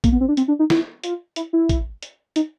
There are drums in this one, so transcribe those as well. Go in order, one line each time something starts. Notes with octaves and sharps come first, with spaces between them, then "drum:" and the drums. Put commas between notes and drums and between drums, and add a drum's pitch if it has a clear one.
A#3, drum: kick A#1, hi-hat
B3
C4
D4
C4, drum: hi-hat
D4
D#4
E4, drum: snare
F4, drum: hi-hat
E4, drum: hi-hat
E4
drum: kick A#1, hi-hat
drum: hi-hat
D#4, drum: hi-hat